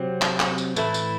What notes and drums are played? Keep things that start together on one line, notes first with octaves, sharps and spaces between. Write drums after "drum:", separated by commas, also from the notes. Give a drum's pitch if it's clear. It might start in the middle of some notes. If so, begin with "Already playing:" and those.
Already playing: C3 F#3 C4
drum: clap
drum: clap
drum: tambourine
A2 E3 A3 E4, drum: tambourine
drum: tambourine